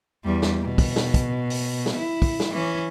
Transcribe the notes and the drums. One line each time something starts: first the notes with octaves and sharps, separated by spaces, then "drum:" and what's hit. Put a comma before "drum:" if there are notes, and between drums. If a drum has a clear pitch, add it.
E2 G3
drum: snare
B2
drum: kick, open hi-hat
drum: snare
drum: kick, hi-hat
drum: open hi-hat
drum: snare
E4
drum: kick, open hi-hat
drum: snare
E3 C#4